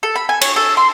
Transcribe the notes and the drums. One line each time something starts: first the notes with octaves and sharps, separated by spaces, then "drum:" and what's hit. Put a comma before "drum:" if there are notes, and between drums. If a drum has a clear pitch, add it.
A4
B5
G#5
C#5, drum: cymbal
A4
C6